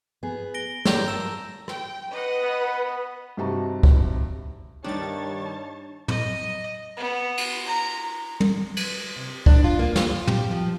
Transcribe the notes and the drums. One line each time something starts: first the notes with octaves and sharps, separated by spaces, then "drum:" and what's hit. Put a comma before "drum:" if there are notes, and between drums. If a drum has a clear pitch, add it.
B3 G#4
A#6 D7 G7
G4 C#5 D5 A#5 G6, drum: snare
A#4 F#5 A5 E6 E7
G5, drum: rim click
B4 D#5 F#5
B3
G2 C3 D#4 F#4 A5 A#5
drum: kick
G2 D#3 G3 D4 D#4 C#5 A5 A6
D#5, drum: tom
B3
drum: cymbal
A#5
drum: tom
drum: cymbal
C3
D4, drum: kick
F4
A#3
F4, drum: snare
G4, drum: tom
F3